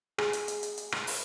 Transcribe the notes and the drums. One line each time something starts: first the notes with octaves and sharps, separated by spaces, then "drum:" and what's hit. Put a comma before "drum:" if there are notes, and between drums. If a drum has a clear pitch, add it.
G#4, drum: rim click
drum: hi-hat
drum: hi-hat
drum: hi-hat
drum: hi-hat
drum: rim click
drum: open hi-hat